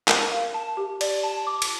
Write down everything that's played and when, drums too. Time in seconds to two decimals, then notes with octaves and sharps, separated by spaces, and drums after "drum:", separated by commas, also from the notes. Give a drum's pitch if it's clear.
0.08 A#4, drum: clap
0.32 F5
0.54 A5
0.77 G4
1.01 D5, drum: cymbal
1.23 A5
1.47 D6
1.62 drum: cymbal